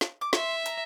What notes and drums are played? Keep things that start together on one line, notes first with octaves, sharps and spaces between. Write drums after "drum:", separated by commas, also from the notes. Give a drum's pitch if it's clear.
drum: snare
D6
E5 C6, drum: snare
A#5, drum: hi-hat